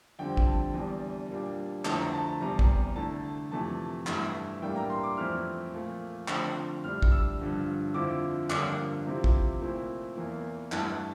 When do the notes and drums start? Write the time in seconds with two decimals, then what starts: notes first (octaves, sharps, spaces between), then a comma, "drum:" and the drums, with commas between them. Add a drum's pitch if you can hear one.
0.19 F2 D3 G3 C4 G5
0.37 drum: kick
0.46 A5
0.74 E2 E3 G3 D4
1.29 A#2 G3 D4
1.85 F2 D3 A3 C4 E4 A5, drum: clap
1.99 A#5
2.13 A5
2.27 A5
2.41 E2 C3 G3 A#5
2.59 drum: kick
2.96 D3 A3 E4 A5
3.51 F2 C3 E3 A3 A5
4.07 G2 E3 A3 E4, drum: clap
4.62 A2 E3 G3 A#3 D4 G5
4.76 A#5
4.90 C6
5.03 D6
5.17 F2 E3 A3 C4 E4 F6
5.73 A#2 F3 A3
6.28 D3 F3 A3 C4, drum: clap
6.84 A2 G3 D4 F6
7.02 drum: kick
7.12 E6
7.39 G2 D3 F3
7.94 F2 D3 F3 C4 E4 D6
8.50 G2 D3 F3 A#3 D6, drum: clap
9.06 C3 F3 C4 E4
9.24 drum: kick
9.61 A#2 A3 C4 E4
10.17 E2 E3 A#3 E4
10.72 G2 E3 A3 E4 A5, drum: clap